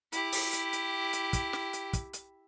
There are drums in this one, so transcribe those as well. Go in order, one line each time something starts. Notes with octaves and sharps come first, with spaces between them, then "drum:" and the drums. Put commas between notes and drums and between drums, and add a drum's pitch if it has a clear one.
E4 G4, drum: hi-hat
drum: open hi-hat
drum: hi-hat
drum: hi-hat
drum: hi-hat
drum: kick, hi-hat
drum: snare
drum: hi-hat
drum: kick, hi-hat
drum: hi-hat